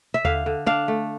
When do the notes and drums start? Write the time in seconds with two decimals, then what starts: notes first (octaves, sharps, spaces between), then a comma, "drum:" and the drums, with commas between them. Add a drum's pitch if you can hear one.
0.14 E5
0.25 D3 F5, drum: tom D#2
0.46 D3
0.66 D4 F5
0.88 A3